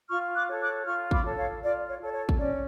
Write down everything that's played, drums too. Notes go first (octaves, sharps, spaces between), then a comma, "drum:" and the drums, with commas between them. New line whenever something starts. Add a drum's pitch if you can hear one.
F4 C#6 F6
D6 F#6
A4 C#5
D6 F#6
F4 C#6 F6
B5 D6, drum: kick
A4 C#5
C#5 F5
F4 D5
C#5
A4 C#5
C#5
drum: kick
C#4 D5